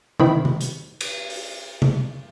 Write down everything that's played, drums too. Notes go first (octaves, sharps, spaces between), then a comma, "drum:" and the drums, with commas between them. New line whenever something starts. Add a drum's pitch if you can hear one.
D#3 E3 C4 E4 B5, drum: tom C3
drum: tom C3
drum: hi-hat
drum: cymbal
drum: open hi-hat
drum: tom C3